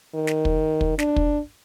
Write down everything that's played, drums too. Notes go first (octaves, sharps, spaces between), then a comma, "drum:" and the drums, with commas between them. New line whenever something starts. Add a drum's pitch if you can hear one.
D#3
drum: snare
drum: kick
drum: kick
D4, drum: snare
drum: kick